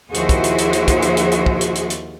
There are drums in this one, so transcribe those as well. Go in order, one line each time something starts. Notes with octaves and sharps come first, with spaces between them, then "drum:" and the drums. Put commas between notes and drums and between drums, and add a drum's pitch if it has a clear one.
D#2 F3 E4 F#4 G#4 C5, drum: hi-hat
drum: kick, hi-hat
drum: hi-hat
drum: hi-hat
drum: hi-hat
drum: kick, hi-hat
drum: hi-hat
drum: hi-hat
drum: hi-hat
drum: kick
drum: hi-hat
drum: hi-hat
drum: hi-hat